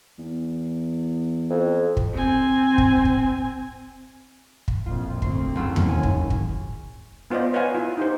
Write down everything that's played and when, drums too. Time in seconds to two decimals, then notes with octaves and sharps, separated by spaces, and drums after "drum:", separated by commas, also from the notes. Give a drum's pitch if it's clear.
0.19 E2
1.50 F2
1.97 drum: kick
2.13 C4 G#5
2.78 drum: kick
3.05 drum: kick
4.68 drum: kick
4.86 A#1 F2 F4
5.22 D2 C4 C6, drum: kick
5.55 F#1 F4 E6
5.76 drum: tom E2
5.89 D#2 G#5
6.03 drum: kick
6.30 drum: kick
7.30 B3 F4 C5 D5 D#5
7.53 B4 C#5 D#5 F5 F#5 G#5
7.75 E4 F4
7.97 D#4 G4 C5